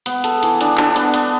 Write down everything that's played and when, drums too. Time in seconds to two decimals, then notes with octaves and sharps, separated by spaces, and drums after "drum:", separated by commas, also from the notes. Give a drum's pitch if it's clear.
0.06 B3, drum: hi-hat
0.24 A4, drum: hi-hat
0.43 E3, drum: hi-hat
0.61 D4, drum: hi-hat
0.77 D4, drum: clap
0.96 B3, drum: hi-hat
1.14 B3, drum: hi-hat